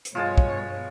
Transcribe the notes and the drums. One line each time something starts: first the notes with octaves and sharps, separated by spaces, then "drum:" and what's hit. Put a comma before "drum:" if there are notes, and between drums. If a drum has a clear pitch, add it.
drum: hi-hat
G2 B2 F3 G#3 C#5 A5
drum: kick